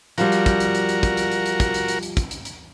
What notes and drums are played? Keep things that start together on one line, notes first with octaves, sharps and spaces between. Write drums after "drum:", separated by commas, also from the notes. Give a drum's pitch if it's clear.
F3 G3 F#4 A#4, drum: hi-hat
drum: hi-hat
drum: kick, hi-hat
drum: hi-hat
drum: hi-hat
drum: hi-hat
drum: kick, hi-hat
drum: hi-hat
drum: hi-hat
drum: hi-hat
drum: kick, hi-hat
drum: hi-hat
drum: hi-hat
drum: hi-hat
drum: kick, hi-hat
drum: hi-hat
drum: hi-hat